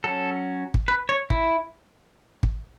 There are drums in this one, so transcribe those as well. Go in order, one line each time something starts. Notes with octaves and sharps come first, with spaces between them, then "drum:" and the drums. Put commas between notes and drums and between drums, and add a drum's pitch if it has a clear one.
F#3 C#4 A4
drum: kick
B4
C#5
E4, drum: kick
drum: kick